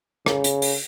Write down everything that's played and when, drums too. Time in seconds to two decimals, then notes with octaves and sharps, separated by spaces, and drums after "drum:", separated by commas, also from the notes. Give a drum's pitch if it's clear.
0.26 C#3, drum: rim click
0.44 drum: hi-hat
0.62 drum: open hi-hat